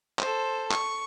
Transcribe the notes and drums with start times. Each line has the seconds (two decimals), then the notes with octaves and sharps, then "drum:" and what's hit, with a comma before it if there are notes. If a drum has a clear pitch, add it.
0.19 A4 C5, drum: clap
0.71 C#6, drum: clap